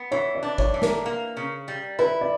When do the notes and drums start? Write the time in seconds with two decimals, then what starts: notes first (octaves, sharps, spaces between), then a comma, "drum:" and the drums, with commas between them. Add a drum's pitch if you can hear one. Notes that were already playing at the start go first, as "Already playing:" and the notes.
Already playing: B3
0.12 E3 C#5
0.35 D5
0.43 D4
0.58 C#5, drum: kick G#1
0.74 E3
0.82 A#4, drum: snare
1.06 A#3
1.37 C#3
1.68 G3
1.99 E4 B4
2.21 D5